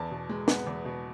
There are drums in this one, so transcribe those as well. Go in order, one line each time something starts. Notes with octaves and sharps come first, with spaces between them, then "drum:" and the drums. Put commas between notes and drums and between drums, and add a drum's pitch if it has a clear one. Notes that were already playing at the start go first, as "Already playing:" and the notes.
Already playing: E2 A5
B2
G#3
B3, drum: snare
E2
B2